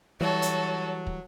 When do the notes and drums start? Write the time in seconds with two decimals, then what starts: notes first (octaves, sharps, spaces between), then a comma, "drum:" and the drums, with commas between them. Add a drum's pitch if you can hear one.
0.21 E3 F#3 G3 F#4 A4 C#5
0.42 drum: hi-hat
1.07 drum: kick